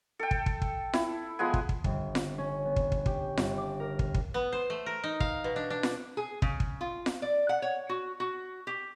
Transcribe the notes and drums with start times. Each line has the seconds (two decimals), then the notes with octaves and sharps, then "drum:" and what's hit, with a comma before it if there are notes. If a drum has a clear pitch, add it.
0.19 A4 G5
0.31 drum: kick
0.46 drum: kick
0.62 drum: kick
0.93 E4, drum: snare F4
1.39 F3 G#3 B3 G#5
1.54 drum: kick
1.69 drum: kick
1.84 G1, drum: kick
2.15 drum: snare F4
2.38 C#4
2.65 B3
2.76 drum: kick
2.92 drum: kick
3.06 G4, drum: kick
3.37 G1, drum: snare F4
3.58 D6
3.80 A#4
3.99 drum: kick
4.14 drum: kick
4.34 B3
4.52 C5
4.70 A3
4.86 A#4
5.04 D#4
5.20 F5, drum: kick
5.44 B2
5.56 D4
5.70 D4
5.83 drum: snare F4
6.17 G#4
6.42 C#3, drum: kick
6.60 drum: kick
6.81 F4
7.06 drum: snare F4
7.22 D5
7.49 F#5
7.62 C#5
7.89 F#4
8.20 F#4
8.67 G4